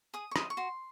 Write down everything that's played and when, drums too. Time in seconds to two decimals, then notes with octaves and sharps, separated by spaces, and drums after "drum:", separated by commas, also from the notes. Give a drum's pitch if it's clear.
0.14 G#4 D#6
0.31 C#6
0.36 C5 D#5 D#6, drum: rim click
0.50 C#6
0.57 F#4 C6